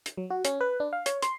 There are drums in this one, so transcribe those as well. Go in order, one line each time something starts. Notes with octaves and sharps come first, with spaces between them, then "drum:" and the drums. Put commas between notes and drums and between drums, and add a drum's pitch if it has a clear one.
drum: hi-hat
F#3
F#4
C#4, drum: hi-hat
B4
D4
F5
C#5, drum: hi-hat
C6, drum: hi-hat